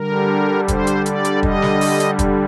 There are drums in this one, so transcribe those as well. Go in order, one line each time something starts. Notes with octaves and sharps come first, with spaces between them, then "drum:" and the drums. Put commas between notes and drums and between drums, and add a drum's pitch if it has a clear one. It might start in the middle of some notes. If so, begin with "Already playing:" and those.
Already playing: D3 G3 A#4
C5, drum: kick, hi-hat
drum: hi-hat
D5, drum: hi-hat
drum: hi-hat
D#5, drum: kick
drum: snare
drum: open hi-hat
drum: hi-hat
drum: kick, hi-hat